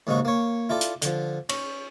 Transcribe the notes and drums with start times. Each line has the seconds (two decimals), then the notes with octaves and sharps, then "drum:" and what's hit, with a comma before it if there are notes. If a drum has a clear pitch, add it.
0.07 D#2 G#2 C#3 D#4 F#4
0.25 A#3 C#5
0.69 E4 F4 A4 D5
0.81 drum: hi-hat
1.02 D3 F3, drum: hi-hat
1.49 C#4, drum: cymbal